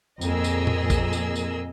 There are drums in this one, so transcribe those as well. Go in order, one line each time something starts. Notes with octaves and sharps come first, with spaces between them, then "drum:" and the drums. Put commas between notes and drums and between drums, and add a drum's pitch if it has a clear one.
F2 A#2 G#4 A#4 D#5 E6, drum: tambourine
drum: tambourine
drum: tom A2
drum: kick A1, tambourine
drum: tambourine
drum: tambourine